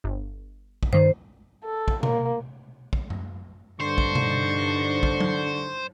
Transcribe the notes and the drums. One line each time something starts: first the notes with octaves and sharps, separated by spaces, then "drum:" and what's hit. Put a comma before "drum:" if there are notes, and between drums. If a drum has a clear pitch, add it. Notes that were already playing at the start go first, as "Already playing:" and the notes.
G1
drum: kick
G2 D#3 C5
A4
drum: kick
A#3, drum: tom B2
drum: kick
drum: tom F#2
G2 D3 D4 D#4 C5 C#6
drum: kick
drum: tom B2
drum: kick
drum: tom F#3